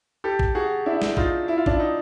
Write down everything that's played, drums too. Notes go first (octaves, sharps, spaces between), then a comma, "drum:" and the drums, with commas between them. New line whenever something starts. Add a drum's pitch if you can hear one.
G4 A4
drum: kick
F#4 G#4
D4 E4
drum: snare
D#4 F4, drum: kick
E4
F4
D4 E4, drum: kick
D#4